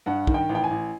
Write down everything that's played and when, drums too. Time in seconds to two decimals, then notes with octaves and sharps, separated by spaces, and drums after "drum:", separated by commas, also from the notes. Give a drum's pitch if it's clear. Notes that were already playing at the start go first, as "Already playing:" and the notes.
0.06 G2 F#5
0.27 D#3, drum: kick
0.34 G5
0.49 A1
0.55 G5
0.64 G#5
0.71 A1